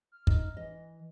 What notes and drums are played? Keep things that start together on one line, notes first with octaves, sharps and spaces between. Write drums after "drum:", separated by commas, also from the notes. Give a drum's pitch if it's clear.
F6
D#4, drum: kick
E3 D#5